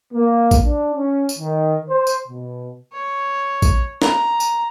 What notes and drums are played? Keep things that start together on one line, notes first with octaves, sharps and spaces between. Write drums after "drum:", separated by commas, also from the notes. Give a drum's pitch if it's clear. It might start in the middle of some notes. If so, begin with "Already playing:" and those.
A#3
drum: kick A1, tambourine
D4
C#4
drum: tambourine
D#3
C5
drum: tambourine
B2
C#5
drum: kick A1, tambourine
A#5, drum: snare
drum: tambourine